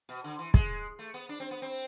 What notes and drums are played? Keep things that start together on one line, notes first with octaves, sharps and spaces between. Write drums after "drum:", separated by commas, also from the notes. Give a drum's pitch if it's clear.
B2
D3
E3
G#3, drum: kick
A3
B3
D4
C4
B3
C4